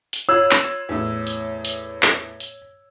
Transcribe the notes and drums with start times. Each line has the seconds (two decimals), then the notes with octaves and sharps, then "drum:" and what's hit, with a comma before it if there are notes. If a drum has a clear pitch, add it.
0.13 drum: hi-hat
0.29 F4 C#5 E6 G#6
0.51 drum: clap
0.89 E2 A2
1.27 drum: hi-hat
1.65 drum: hi-hat
2.03 drum: clap
2.40 drum: hi-hat